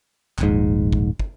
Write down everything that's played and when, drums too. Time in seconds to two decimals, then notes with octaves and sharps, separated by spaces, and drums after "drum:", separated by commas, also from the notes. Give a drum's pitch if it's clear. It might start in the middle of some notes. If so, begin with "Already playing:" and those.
0.39 D#1 A#1 G#2, drum: clap
0.93 drum: kick
1.20 drum: kick